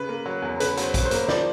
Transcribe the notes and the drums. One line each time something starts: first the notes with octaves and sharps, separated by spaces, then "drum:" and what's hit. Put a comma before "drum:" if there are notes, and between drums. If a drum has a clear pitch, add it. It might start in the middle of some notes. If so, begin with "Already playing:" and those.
Already playing: C#3 B4
A#3
F#3
E2
C#3 B4, drum: hi-hat
F#3, drum: hi-hat
C5
F#3, drum: kick, hi-hat
C5
A#3, drum: hi-hat
F3 C5 D5, drum: snare